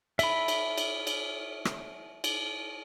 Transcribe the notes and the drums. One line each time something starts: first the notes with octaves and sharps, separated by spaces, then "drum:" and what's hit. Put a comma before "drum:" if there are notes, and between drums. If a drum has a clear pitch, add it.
E5 B5, drum: cymbal
drum: cymbal
drum: cymbal
drum: cymbal
drum: rim click
drum: cymbal